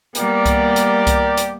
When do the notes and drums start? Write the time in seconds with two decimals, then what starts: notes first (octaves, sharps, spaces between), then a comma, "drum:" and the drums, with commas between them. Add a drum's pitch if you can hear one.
0.15 G3 A#3 B3 G4 A#4 D5, drum: hi-hat
0.46 drum: kick C2, hi-hat
0.76 drum: hi-hat
1.07 drum: kick C2, hi-hat
1.37 drum: hi-hat